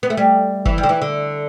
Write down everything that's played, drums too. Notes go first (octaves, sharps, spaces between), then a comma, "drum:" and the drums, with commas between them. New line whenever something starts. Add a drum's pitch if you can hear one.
B3
A3
G3
E3, drum: kick F#1
G3
D3
E3
D3